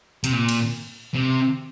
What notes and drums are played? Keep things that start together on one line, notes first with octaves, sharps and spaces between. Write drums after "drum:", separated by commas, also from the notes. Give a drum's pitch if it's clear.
C3, drum: hi-hat
A#2
drum: cymbal
C3